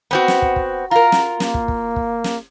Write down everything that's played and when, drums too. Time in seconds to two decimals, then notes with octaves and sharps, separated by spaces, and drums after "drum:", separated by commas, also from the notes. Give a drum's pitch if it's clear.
0.11 B3 C4 F#4
0.28 drum: snare
0.42 drum: kick
0.56 drum: kick
0.91 F4 A#4 A#5
1.12 drum: snare
1.40 A#3, drum: snare
1.54 drum: kick
1.68 drum: kick
1.96 drum: kick
2.24 drum: snare